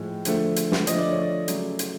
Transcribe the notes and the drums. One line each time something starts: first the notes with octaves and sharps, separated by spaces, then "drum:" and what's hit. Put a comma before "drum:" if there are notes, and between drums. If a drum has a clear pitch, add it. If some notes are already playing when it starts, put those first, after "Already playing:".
Already playing: A2 F3 G#3
D3 F3 A3, drum: hi-hat
drum: hi-hat
drum: snare
D3 F3 A3 D#5, drum: hi-hat
D5
C#5
D5
C#3 F#3 A3, drum: hi-hat
drum: hi-hat